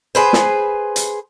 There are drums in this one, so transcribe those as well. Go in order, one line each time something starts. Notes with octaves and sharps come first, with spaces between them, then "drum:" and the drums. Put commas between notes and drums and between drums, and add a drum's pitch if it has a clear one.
G#4 B4 C5
drum: snare
drum: hi-hat